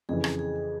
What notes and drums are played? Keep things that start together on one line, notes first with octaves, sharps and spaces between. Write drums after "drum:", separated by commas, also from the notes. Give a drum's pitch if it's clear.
F2 C#3 E3 G#4
drum: rim click
G#4